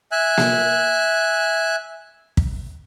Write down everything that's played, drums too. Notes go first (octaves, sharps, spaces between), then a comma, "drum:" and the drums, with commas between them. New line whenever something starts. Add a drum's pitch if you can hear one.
E5 G#5 F#6
drum: snare A#3
drum: kick